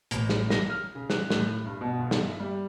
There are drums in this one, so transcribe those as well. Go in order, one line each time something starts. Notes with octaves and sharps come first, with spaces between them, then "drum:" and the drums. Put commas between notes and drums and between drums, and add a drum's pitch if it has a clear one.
A1, drum: hi-hat
drum: snare
A#6, drum: snare
F6
C#3
F#6, drum: snare
A2, drum: snare
G2
B2
G1
drum: snare
E5
G3